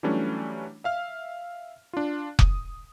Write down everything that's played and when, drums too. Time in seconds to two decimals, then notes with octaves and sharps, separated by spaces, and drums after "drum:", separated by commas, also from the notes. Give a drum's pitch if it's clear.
0.03 E3 F#3 G3 A3 C#4 D4
0.84 E5 F5 F6
1.93 D4 F4
2.39 D#6, drum: kick F1